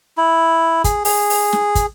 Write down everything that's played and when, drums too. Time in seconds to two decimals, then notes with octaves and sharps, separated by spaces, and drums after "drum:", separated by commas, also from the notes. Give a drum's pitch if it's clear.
0.17 E4
0.84 G#4, drum: kick, hi-hat
1.05 G#4, drum: open hi-hat
1.30 drum: open hi-hat
1.53 drum: snare
1.75 drum: kick, hi-hat